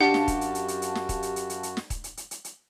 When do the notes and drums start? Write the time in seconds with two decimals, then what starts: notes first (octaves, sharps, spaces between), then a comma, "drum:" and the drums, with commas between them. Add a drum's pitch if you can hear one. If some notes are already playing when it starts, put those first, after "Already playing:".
0.01 F#2 D4 F#4 G4 F5 F#5 A5
0.14 drum: snare
0.28 drum: kick, hi-hat
0.41 drum: hi-hat
0.55 drum: hi-hat
0.68 drum: hi-hat
0.82 drum: hi-hat
0.95 drum: snare
1.09 drum: kick, hi-hat
1.22 drum: hi-hat
1.36 drum: hi-hat
1.50 drum: hi-hat
1.63 drum: hi-hat
1.77 drum: snare
1.90 drum: kick, hi-hat
2.04 drum: hi-hat
2.17 drum: hi-hat
2.31 drum: hi-hat
2.44 drum: hi-hat